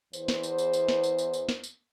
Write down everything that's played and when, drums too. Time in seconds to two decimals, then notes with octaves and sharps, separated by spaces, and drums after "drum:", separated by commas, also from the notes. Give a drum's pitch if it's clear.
0.13 E2 C5, drum: tambourine
0.28 drum: snare
0.43 drum: tambourine
0.58 drum: tambourine
0.73 drum: tambourine
0.88 drum: snare
1.04 drum: tambourine
1.19 drum: tambourine
1.34 drum: tambourine
1.49 drum: snare
1.64 drum: tambourine